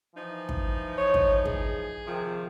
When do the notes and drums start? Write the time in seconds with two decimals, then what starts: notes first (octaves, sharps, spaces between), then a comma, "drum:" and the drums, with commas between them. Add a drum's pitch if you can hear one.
0.15 E3 F3 D#4
0.49 drum: kick
0.98 C#5
1.14 drum: kick
1.45 G#4, drum: kick
2.06 C3 D#3 F3